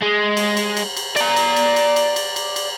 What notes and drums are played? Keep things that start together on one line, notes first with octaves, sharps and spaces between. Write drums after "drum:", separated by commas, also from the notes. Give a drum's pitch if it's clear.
G#3
drum: cymbal
drum: cymbal
drum: cymbal
drum: cymbal
D5 A#5, drum: cymbal
drum: cymbal
drum: cymbal
drum: cymbal
drum: cymbal
drum: cymbal
drum: cymbal
drum: cymbal